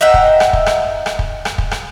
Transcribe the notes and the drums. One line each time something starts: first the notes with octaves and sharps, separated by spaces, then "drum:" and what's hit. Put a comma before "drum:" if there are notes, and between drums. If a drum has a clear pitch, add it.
D#4 E5 F#5 G5
drum: kick
drum: rim click
drum: kick
drum: rim click
drum: rim click
drum: kick
drum: rim click
drum: kick
drum: rim click